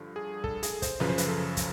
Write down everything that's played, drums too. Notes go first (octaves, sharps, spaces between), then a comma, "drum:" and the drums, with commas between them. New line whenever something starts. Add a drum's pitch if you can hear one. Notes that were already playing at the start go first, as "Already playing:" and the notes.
Already playing: G2 D3 F3
G#4
A4, drum: kick
G#4, drum: hi-hat
C5, drum: kick, hi-hat
F#2 C#3 F3 B4, drum: snare
C5
B4, drum: hi-hat
A4
drum: kick, hi-hat